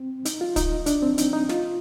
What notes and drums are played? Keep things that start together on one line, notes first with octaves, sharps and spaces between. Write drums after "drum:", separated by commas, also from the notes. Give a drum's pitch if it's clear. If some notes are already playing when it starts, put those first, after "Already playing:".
Already playing: C4
D#4, drum: hi-hat
F4
D#4, drum: kick, hi-hat
D4, drum: hi-hat
C4
D#4, drum: hi-hat
D#4
F4, drum: snare